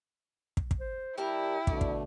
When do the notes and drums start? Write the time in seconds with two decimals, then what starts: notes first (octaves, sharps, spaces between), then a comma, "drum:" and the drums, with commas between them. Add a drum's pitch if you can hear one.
0.57 drum: kick
0.71 drum: kick
0.80 C5
1.18 G3 E4 A#4 G5 A5
1.67 B2 D3 A3 D5, drum: kick
1.81 drum: kick